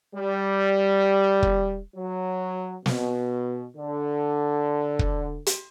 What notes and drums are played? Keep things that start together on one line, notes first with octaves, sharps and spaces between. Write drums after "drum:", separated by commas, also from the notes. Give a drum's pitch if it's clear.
G3
drum: kick
F#3
B2, drum: snare
D3
drum: kick
drum: hi-hat